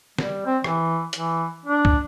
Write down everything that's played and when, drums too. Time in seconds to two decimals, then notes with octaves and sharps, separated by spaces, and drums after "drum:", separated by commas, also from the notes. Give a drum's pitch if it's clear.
0.18 G3, drum: snare
0.46 C4
0.64 E3, drum: rim click
1.13 E3, drum: hi-hat
1.66 D4
1.85 drum: kick